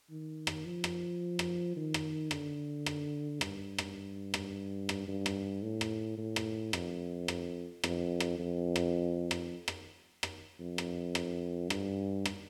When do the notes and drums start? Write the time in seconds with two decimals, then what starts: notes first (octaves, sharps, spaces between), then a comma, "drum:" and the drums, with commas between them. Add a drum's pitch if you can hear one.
0.10 D#3
0.47 drum: rim click
0.65 F3
0.84 drum: rim click
1.39 drum: rim click
1.77 D#3
1.94 drum: rim click
2.31 D3, drum: rim click
2.86 drum: rim click
3.41 G2, drum: rim click
3.78 drum: rim click
4.34 drum: rim click
4.89 drum: rim click
5.08 G2
5.26 drum: rim click
5.62 A2
5.81 drum: rim click
6.18 A2
6.36 drum: rim click
6.73 F2, drum: rim click
7.28 drum: rim click
7.84 F2, drum: rim click
8.20 drum: rim click
8.39 F2
8.76 drum: rim click
9.31 drum: rim click
9.68 drum: rim click
10.23 drum: rim click
10.60 F2
10.78 drum: rim click
11.15 drum: rim click
11.70 G2, drum: rim click
12.25 drum: rim click